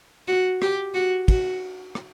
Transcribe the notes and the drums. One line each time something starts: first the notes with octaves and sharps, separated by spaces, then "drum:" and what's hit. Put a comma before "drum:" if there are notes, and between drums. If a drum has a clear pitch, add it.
F#4
G4, drum: rim click
F#4
F#4, drum: kick, cymbal
drum: rim click